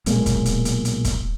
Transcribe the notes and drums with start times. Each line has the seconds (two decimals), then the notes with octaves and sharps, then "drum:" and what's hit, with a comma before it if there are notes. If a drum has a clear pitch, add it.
0.06 B1 A#2 G#3 A#3, drum: hi-hat
0.26 drum: kick, hi-hat
0.46 drum: hi-hat
0.65 drum: hi-hat
0.85 drum: hi-hat
1.05 drum: kick, hi-hat